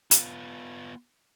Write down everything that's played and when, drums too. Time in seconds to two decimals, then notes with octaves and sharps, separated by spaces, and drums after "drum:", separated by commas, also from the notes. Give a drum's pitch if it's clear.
0.11 B3 F4, drum: hi-hat